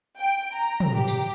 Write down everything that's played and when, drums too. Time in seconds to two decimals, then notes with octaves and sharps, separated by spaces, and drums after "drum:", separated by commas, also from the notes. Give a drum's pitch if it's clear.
0.18 G5
0.54 A#5
0.80 drum: tom
0.95 G4
1.08 drum: tambourine